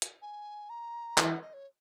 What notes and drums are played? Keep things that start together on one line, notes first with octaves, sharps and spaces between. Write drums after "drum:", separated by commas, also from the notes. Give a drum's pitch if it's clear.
drum: hi-hat
G#5
A#5
E3 G#5, drum: clap
F#5
D#5
C#5